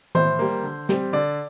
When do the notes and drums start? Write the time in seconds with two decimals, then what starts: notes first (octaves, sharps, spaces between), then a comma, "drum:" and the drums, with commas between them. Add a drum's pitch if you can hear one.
0.15 A2 C5, drum: tom D#3
0.39 G3 A#3
0.63 D3
0.89 G3 C4, drum: snare
1.13 D3 D5